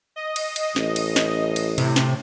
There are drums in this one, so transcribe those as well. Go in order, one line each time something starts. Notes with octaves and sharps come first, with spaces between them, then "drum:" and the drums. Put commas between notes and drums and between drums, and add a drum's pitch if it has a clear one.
D#5
drum: cymbal
drum: cymbal
A1, drum: snare
drum: cymbal
drum: snare
drum: cymbal
A2 C3, drum: cymbal
drum: snare